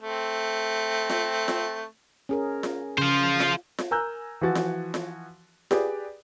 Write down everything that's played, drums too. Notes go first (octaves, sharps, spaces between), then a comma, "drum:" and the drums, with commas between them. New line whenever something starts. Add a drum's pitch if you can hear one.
A3 C4
drum: snare F4
drum: snare F4
C#4 G#4 A#4
drum: snare F4
C#3 F4 C5
drum: snare F4
drum: snare F4
A#4 G#5 A#5 E6 F#6 G6
E3 F3 F#4 A6
drum: snare F4
drum: snare F4
G4 G#4 B4 D5, drum: snare F4